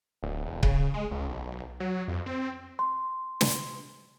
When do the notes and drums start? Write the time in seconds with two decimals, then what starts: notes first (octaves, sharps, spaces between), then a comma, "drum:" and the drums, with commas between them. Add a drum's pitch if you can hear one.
0.23 D1
0.46 E1
0.63 C#3, drum: kick C#1
0.94 G#3
1.11 C#2
1.29 B1
1.80 F#3
2.08 F2
2.26 C4
2.79 C6
3.41 drum: snare